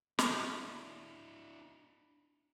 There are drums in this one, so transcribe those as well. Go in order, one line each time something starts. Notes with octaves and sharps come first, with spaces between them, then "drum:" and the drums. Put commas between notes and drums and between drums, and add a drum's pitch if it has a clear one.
D4 E4, drum: snare